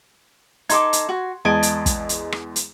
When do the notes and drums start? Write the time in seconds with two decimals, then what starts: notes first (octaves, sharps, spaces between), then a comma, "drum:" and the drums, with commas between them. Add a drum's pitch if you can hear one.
0.69 D#4 A4 C6 D6 G#6, drum: hi-hat
0.93 drum: hi-hat
1.09 F#4
1.45 E2 G#3 D#5 G#5 A5 D7
1.63 drum: hi-hat
1.86 drum: kick, hi-hat
2.09 drum: hi-hat
2.32 drum: rim click
2.56 drum: hi-hat